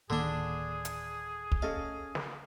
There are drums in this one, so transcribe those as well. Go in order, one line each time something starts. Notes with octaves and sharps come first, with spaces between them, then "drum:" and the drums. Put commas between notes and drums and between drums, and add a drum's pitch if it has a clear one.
D1 D3 D#3 A#3 D4 G#4
drum: hi-hat
drum: kick
C#4 A4 D#5 F5
drum: snare